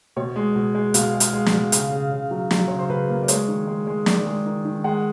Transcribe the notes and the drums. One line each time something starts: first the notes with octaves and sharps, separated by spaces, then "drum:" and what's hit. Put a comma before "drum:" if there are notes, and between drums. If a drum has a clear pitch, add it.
B2 C#5
G#3
B2
G#3
B2 F5, drum: hi-hat
G#3
F5, drum: hi-hat
G#3
F5, drum: snare
B2
C#3 F5, drum: hi-hat
C#3
C#3
F#3
F#3, drum: snare
C#3 C#5
C5
C#3 B4
A#3
D5
G#3 C#5, drum: hi-hat
D#3
G#3
G#3
D#3 D5, drum: snare
G#3
D#3
D#3
G#3 F#5